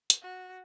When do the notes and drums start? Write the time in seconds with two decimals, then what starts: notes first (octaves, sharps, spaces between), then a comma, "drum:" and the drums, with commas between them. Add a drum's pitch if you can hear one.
0.10 drum: hi-hat
0.22 F#4